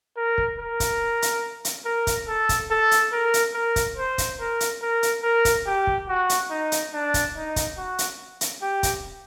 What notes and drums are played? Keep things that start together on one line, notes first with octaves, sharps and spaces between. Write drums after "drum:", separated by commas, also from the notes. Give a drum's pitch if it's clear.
A#4
drum: kick
A#4
drum: kick, hi-hat
drum: hi-hat
drum: hi-hat
A#4
drum: kick, hi-hat
A4
drum: kick, hi-hat
A4
drum: hi-hat
A#4
drum: hi-hat
A#4
drum: kick, hi-hat
C5
drum: kick, hi-hat
A#4
drum: hi-hat
A#4
drum: hi-hat
A#4
drum: kick, hi-hat
G4
drum: kick
F#4
drum: hi-hat
D#4
drum: hi-hat
D4
drum: kick, hi-hat
D#4
drum: kick, hi-hat
F#4
drum: hi-hat
drum: hi-hat
G4
drum: kick, hi-hat